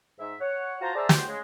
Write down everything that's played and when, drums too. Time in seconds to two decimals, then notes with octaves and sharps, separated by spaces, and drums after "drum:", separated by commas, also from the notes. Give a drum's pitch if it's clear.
0.19 G#2 E5
0.40 C#5 F#5
0.80 F4 F#4 C5 A5 A#5
0.95 G#4 C5 D5 E5 A5 A#5
1.09 E2 F#4 G4 C5 G5, drum: snare
1.27 C#3 G#3